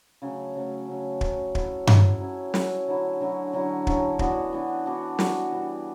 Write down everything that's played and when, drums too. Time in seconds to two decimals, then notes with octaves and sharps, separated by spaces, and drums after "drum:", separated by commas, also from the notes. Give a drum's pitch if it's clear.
0.22 C#3 F#3 A3 C#4
0.55 C#3 F#3 A3 C#4
0.88 C#3 F#3 A3 C#4
1.21 C#3 F#3 A3 C#4, drum: kick
1.55 F#3 C#4 E4 A4, drum: kick
1.87 F#3 C#4 E4 A4, drum: tom G2
2.21 F#3 C#4 E4 A4
2.54 F#3 C#4 E4 A4, drum: snare
2.87 D3 F#3 C#4 E4
3.21 D3 F#3 C#4 E4
3.53 D3 F#3 C#4 E4
3.87 D3 F#3 C#4 E4, drum: kick
4.19 E3 B3 D4 F#4, drum: kick
4.53 E3 B3 D4 F#4
4.86 E3 B3 D4 F#4
5.19 E3 B3 D4 F#4, drum: snare
5.52 E3 G3 D4